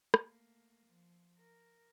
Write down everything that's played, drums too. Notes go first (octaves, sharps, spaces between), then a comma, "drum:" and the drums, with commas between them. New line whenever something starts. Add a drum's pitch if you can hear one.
A3 A#3, drum: rim click
F3
A#4